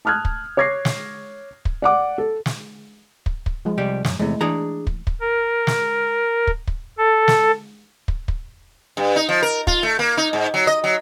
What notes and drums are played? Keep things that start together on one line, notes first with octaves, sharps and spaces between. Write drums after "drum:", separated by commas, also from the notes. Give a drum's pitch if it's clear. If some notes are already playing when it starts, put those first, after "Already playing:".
A5 D#6 F6 F#6 G#6
drum: kick
C#5 D6 G#6 A#6 C7
drum: snare
drum: kick
D5 F#5 D6
A4
drum: snare
drum: kick
drum: kick
F3 G#3
C2 G3 G4
F#2, drum: snare
E2 C3 G#3 A3 E4
E3 D4 G#4 A#5
drum: kick
drum: kick
A#4
drum: snare
drum: kick
drum: kick
A4
drum: snare
drum: kick
drum: kick
G2
D#4
F3
A#4
F4, drum: kick
A3
A#3
D#4
G#2
F#3
D#5
F#3